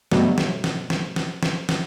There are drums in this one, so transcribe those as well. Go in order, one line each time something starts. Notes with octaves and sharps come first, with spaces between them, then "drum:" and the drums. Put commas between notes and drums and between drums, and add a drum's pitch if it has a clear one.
G2 B2 D3 F#3 G3 A3, drum: snare
drum: snare
drum: snare
drum: snare
drum: snare
drum: snare
drum: snare